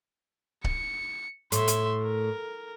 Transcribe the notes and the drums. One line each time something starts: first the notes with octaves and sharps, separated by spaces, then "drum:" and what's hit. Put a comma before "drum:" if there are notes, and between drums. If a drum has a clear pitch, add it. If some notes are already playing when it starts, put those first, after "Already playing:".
C#7, drum: kick C#1
A2 E5 C6, drum: hi-hat
drum: hi-hat
A#4